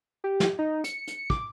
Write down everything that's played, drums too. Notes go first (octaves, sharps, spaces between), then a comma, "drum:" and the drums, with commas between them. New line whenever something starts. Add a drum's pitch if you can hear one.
G4
drum: snare
D#4
C#7, drum: hi-hat
drum: hi-hat
D6, drum: kick